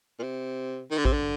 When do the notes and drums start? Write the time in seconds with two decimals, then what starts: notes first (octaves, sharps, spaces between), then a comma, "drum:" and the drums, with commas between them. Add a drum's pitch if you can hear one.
0.19 A#2
0.23 C3
0.91 D#3
0.97 D3
1.05 C3, drum: kick A1
1.13 D3